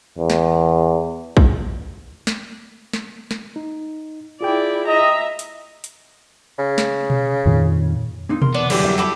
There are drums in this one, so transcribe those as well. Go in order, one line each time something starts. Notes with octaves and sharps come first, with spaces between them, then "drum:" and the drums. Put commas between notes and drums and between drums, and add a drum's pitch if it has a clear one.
E2
drum: snare
drum: kick
drum: snare
drum: snare
drum: snare
D#4
E4 F4 G#4 D5 G5
D#5 E5 A#5
drum: hi-hat
drum: hi-hat
C#3
drum: snare
drum: tom B2
F2 A#2 D#3
A#3 C4 D#4
E2 A#4 C6, drum: tom B2
B3 D4
D3 E3 F#3 G3 G4, drum: cymbal
F2 A#3 E5
E4 G4 A4